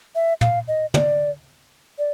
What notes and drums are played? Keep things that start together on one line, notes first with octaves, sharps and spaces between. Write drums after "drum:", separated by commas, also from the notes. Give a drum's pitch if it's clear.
E5
F5, drum: tom
D#5
D5, drum: tom
D5